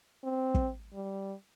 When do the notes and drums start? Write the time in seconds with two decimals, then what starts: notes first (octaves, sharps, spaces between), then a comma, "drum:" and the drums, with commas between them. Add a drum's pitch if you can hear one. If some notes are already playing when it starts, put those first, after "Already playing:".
0.24 C4
0.54 drum: kick
0.94 G3